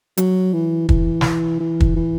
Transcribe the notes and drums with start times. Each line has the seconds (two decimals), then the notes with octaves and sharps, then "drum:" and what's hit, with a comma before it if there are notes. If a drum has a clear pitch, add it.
0.17 F#3, drum: hi-hat
0.53 E3
0.89 E3, drum: kick
1.21 drum: snare
1.60 E3
1.80 drum: kick
1.96 E3